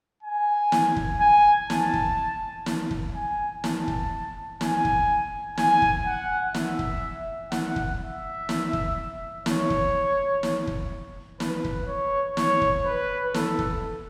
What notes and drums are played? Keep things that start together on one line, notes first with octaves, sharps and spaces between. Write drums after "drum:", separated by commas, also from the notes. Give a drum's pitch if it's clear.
G#5
drum: snare
drum: kick
G#5
A5, drum: snare
drum: kick
drum: snare
drum: kick
G#5
A5, drum: snare
drum: kick
G#5, drum: snare
drum: kick
G#5, drum: snare
drum: kick
F#5
E5, drum: snare
drum: kick
F#5, drum: snare
drum: kick
E5
drum: snare
drum: kick
C#5, drum: snare
drum: kick
drum: snare
drum: kick
B4, drum: snare
drum: kick
C#5
C#5, drum: snare
drum: kick
B4
A4, drum: snare
drum: kick